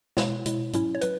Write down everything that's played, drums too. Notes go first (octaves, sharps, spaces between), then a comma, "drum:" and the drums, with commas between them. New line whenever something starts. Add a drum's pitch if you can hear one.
B2 G#3 E4 C#5, drum: snare
B2 G#3 E4, drum: hi-hat
G#2 F#3 C#4 E4, drum: hi-hat
C#5
F#3 B4, drum: hi-hat